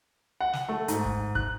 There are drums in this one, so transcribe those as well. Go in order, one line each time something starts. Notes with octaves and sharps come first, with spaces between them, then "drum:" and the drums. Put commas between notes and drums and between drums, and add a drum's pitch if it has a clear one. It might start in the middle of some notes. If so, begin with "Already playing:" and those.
F#5
drum: snare
A3
G#2, drum: hi-hat
drum: kick
F#6, drum: kick